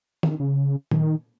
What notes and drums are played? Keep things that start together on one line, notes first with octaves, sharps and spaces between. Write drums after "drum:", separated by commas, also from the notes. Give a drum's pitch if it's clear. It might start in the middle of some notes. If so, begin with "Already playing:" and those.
D#3, drum: tom
C#3
D#3, drum: tom